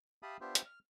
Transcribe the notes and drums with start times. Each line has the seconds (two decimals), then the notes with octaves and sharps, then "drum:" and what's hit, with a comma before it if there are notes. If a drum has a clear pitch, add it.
0.23 G4 E5 F5 A5 B5 D#6
0.41 B3 D4 F4 G4 C5 E5
0.55 drum: hi-hat
0.65 F6